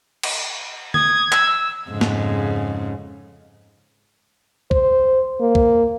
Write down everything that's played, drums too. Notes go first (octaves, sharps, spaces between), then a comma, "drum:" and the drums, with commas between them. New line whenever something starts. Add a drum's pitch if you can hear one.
drum: cymbal
D#6 G#6, drum: tom D3
E6, drum: clap
F2 G#2 C#3
drum: snare
C5, drum: kick
A#3
drum: kick